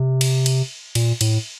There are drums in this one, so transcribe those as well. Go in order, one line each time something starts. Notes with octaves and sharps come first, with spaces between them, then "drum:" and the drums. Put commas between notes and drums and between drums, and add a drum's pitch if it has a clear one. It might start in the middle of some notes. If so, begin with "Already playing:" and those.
Already playing: C3
drum: cymbal
drum: cymbal
A#2, drum: cymbal
A2, drum: cymbal